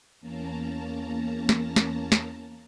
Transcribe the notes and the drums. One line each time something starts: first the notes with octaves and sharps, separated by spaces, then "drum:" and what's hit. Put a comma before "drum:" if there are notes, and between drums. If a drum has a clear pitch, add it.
E2 A#3 C#4 A5 A#5
drum: snare
drum: snare
drum: snare